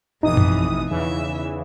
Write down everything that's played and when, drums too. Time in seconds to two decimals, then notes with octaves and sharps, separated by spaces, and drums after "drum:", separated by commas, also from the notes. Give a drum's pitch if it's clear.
0.23 A1 F2 B2 E3 D#4 D#6
0.37 drum: tom F#2
0.90 E2 C#3 E3 E5